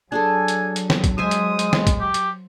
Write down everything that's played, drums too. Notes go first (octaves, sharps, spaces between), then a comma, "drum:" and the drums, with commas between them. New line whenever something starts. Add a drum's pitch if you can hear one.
F#3 D4 G#4 A4 G#5
drum: hi-hat
drum: hi-hat
drum: snare
drum: kick, hi-hat
G#3 C5 E5 G#5 D#6
drum: hi-hat
drum: hi-hat
drum: snare
drum: kick, hi-hat
G4
drum: hi-hat